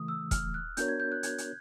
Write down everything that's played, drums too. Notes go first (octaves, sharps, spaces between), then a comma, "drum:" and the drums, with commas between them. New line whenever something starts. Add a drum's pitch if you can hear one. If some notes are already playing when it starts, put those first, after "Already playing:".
Already playing: C#3 E3 A3 D#6
E6
F6, drum: kick E1, hi-hat
F#6
B3 D4 F#4 A#4 C#5 G6, drum: hi-hat
G#6
G6
F#6
G#6, drum: hi-hat
drum: hi-hat